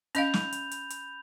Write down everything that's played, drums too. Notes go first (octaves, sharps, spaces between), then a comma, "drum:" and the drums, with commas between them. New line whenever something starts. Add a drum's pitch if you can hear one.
C#4 D#5 F5 B5 G6 F7, drum: hi-hat
drum: snare
drum: hi-hat
drum: hi-hat
drum: hi-hat